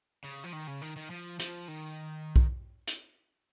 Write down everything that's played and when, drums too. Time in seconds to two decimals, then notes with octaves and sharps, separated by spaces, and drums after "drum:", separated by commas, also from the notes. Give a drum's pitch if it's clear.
0.24 C#3
0.44 F3
0.53 D#3
0.68 C#3
0.82 D#3
0.96 D#3
1.10 F3
1.39 F3, drum: hi-hat
1.68 D#3
2.36 drum: kick B1
2.87 drum: hi-hat